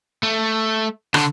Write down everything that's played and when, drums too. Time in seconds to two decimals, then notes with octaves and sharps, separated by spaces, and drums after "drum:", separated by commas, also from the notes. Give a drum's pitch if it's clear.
0.23 A3
1.14 D3, drum: rim click